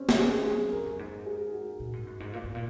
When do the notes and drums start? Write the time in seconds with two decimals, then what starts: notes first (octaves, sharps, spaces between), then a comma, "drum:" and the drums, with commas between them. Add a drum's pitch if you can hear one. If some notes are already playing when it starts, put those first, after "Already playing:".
Already playing: C4 C#4
0.09 F#3, drum: snare
0.19 G#3 G#4
0.46 F#3 G#4
0.72 G#2 A#4
0.86 F#2
0.99 G#2
1.26 G#4
1.53 F#4
1.80 A#2 F#4
1.93 G#2
2.07 F#2
2.20 G#2
2.33 A#2
2.44 G#2
2.55 A#2